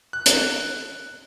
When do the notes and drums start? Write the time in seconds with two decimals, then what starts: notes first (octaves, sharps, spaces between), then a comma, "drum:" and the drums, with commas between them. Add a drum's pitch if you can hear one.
0.13 F#6
0.26 drum: hi-hat